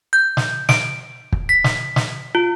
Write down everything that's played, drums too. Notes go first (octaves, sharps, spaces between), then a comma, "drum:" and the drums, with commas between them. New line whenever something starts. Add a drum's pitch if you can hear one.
G6
drum: snare
D7, drum: snare
drum: kick
B6
drum: snare
drum: snare
F4